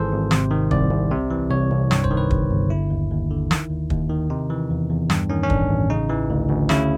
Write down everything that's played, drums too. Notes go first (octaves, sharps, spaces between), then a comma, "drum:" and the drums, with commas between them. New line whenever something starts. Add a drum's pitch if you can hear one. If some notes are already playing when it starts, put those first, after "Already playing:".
Already playing: G#1 G#2 E3 G#4 A4 C5
G#1
C3, drum: snare
D#3
C2 D5, drum: kick
C2
C3
E3
C2 C#5
C2
G2 C#5, drum: snare
C5, drum: kick
D#3
B4
G1, drum: kick
G1
D3 E4
D#2
D#2
D3
D#3, drum: snare
D#2
D#2, drum: kick
D#3
C3 D#4
E3
E2
E2
G2, drum: snare
D#3 C#4
C#4
A1 D4, drum: kick
A1
C#3 D#4
E3
D2
D2
C#3 E4, drum: snare